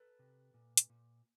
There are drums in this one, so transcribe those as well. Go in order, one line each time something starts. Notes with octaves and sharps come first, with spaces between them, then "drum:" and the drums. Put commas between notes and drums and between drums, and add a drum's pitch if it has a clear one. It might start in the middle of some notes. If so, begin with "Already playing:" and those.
Already playing: A4 B4
C3
A#2
drum: hi-hat
A#2